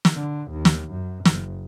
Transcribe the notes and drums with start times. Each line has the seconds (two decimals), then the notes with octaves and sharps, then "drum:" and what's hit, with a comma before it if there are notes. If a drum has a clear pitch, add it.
0.05 drum: snare
0.15 D3
0.51 D#2
0.65 drum: snare
0.92 F#2
1.25 F#1, drum: snare